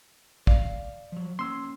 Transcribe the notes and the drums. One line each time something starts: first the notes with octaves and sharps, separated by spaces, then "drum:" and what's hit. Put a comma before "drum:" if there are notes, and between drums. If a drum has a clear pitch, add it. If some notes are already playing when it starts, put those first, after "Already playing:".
D5 F5, drum: kick
F3 F#3
A#3 C#4 C6 E6